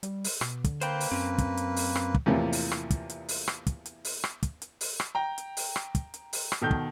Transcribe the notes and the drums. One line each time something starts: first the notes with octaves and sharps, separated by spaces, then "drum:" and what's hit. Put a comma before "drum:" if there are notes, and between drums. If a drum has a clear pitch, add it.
G3, drum: hi-hat
drum: open hi-hat
B2, drum: rim click
D3, drum: kick, hi-hat
A#3 B4 C5 G5, drum: hi-hat
drum: open hi-hat
F#2 C4 C#4
drum: kick, hi-hat
drum: hi-hat
drum: open hi-hat
drum: rim click
drum: kick
E2 A2 C3 E3 F3 A#3
drum: open hi-hat
drum: rim click
drum: kick, hi-hat
drum: hi-hat
drum: open hi-hat
drum: rim click
drum: kick, hi-hat
drum: hi-hat
drum: open hi-hat
drum: rim click
drum: kick, hi-hat
drum: hi-hat
drum: open hi-hat
drum: rim click
G5 A#5
drum: hi-hat
drum: open hi-hat
drum: rim click
drum: kick, hi-hat
drum: hi-hat
drum: open hi-hat
drum: rim click
B2 D#3 A4 G6
drum: kick